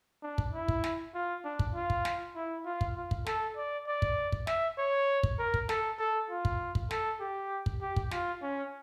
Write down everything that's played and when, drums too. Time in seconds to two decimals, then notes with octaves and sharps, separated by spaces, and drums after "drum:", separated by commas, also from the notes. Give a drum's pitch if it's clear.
0.23 D4
0.38 drum: kick
0.53 E4
0.68 drum: kick
0.84 drum: snare
1.14 F4
1.44 D4
1.59 drum: kick
1.75 F4
1.90 drum: kick
2.05 drum: snare
2.35 E4
2.65 F4
2.81 drum: kick
2.96 F4
3.11 drum: kick
3.26 A4, drum: snare
3.57 D5
3.87 D5
4.02 drum: kick
4.32 drum: kick
4.47 E5, drum: snare
4.78 C#5
5.23 drum: kick
5.39 A#4
5.54 drum: kick
5.69 A4, drum: snare
5.99 A4
6.30 F4
6.45 drum: kick
6.75 drum: kick
6.91 A4, drum: snare
7.20 G4
7.66 drum: kick
7.81 G4
7.96 drum: kick
8.11 F4, drum: snare
8.42 C#4